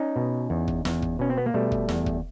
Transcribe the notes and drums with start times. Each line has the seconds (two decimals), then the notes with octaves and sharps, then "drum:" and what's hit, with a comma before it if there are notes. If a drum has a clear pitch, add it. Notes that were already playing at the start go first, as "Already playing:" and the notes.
Already playing: C#4 D#4
0.16 B2
0.50 E2
0.68 drum: kick
0.85 E2, drum: snare
1.02 drum: kick
1.19 B2 C#4
1.30 C4
1.38 B3
1.46 A#3
1.54 B2 G3 A3
1.72 drum: kick
1.89 E2, drum: snare
2.06 drum: kick